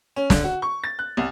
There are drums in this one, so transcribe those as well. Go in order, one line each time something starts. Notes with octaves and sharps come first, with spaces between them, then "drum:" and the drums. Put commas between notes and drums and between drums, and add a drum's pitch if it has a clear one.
C#4
D3, drum: snare
F#4
C#6
A6
F#6
C2